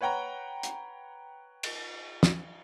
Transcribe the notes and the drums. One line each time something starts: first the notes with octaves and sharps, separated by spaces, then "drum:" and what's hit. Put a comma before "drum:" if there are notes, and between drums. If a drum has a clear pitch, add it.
B4 C#5 F#5 G5 A#5
drum: hi-hat
drum: cymbal
drum: snare